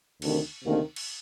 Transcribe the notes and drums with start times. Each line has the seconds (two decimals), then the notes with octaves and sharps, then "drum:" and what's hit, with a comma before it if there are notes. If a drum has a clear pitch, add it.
0.22 D2 C3 D#3, drum: cymbal
0.64 D2 C3 D#3 A#3
0.96 drum: cymbal